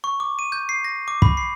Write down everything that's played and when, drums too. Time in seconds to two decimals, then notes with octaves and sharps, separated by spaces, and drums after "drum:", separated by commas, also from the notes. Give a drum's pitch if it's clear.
0.04 C#6
0.20 D6
0.39 D#7
0.52 G6
0.69 C7
0.84 A#6
1.08 D6
1.22 B5, drum: kick
1.37 C7